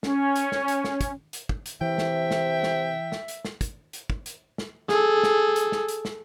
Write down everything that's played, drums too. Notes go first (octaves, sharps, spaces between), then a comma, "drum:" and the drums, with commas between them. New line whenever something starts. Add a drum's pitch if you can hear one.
C#4, drum: snare
drum: hi-hat
drum: snare
drum: hi-hat
drum: snare
drum: kick, hi-hat
drum: hi-hat
drum: kick
drum: hi-hat
C3 E3 E5 G5
drum: snare
drum: snare
drum: snare
drum: snare
drum: hi-hat
drum: snare
drum: kick, hi-hat
drum: hi-hat
drum: kick
drum: hi-hat
drum: snare
G#4 A4, drum: snare
drum: snare
drum: hi-hat
drum: snare
drum: hi-hat
drum: snare